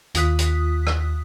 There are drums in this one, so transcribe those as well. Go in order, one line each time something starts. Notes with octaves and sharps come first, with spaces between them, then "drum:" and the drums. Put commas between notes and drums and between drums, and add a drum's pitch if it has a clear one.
D#2 F4 D#6 F#6 B6, drum: hi-hat
drum: hi-hat
drum: rim click